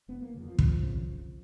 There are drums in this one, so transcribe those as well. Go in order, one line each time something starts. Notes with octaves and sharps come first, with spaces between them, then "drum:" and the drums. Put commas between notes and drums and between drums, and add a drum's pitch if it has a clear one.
F1 B3
A#3
F2 C#3
F3
F1 F3, drum: kick
F2 C#3
F1